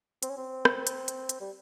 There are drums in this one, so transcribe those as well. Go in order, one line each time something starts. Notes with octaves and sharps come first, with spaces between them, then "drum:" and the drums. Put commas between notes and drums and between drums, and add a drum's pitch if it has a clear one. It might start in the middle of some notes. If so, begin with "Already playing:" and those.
C4, drum: hi-hat
C#4
C4
drum: rim click
drum: hi-hat
drum: hi-hat
drum: hi-hat
G3